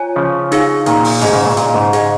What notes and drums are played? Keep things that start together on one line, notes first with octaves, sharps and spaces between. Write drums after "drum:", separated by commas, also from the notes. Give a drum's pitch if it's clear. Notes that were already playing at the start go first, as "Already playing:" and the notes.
Already playing: F4 C#5 G#5
C#3 F3
D#4 G#4 F5, drum: hi-hat
A#2 D#3, drum: hi-hat
drum: open hi-hat
G#2 C#3 G#4 D#5 G#5, drum: hi-hat
G#2 C#3
A#2
A#2, drum: hi-hat
G#2 C#3
G#4 D#5 G#5, drum: hi-hat